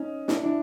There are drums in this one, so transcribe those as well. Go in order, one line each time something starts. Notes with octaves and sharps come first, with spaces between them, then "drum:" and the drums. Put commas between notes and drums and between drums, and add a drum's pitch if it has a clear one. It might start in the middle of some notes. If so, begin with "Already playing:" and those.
Already playing: C#4 D#4
D4 E4, drum: snare
D4 E4